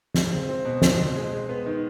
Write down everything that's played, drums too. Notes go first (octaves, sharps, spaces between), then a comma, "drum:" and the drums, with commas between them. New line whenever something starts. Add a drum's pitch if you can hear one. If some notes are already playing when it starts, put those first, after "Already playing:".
G#3, drum: snare
C4
C4
B2
B2, drum: snare
C4
G#3
G#3
B3
D#3